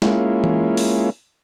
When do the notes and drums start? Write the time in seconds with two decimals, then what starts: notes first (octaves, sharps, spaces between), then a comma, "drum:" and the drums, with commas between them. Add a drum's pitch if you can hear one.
0.02 G#3 A#3 C#4 E4 F4, drum: snare
0.44 drum: tom E3
0.77 drum: open hi-hat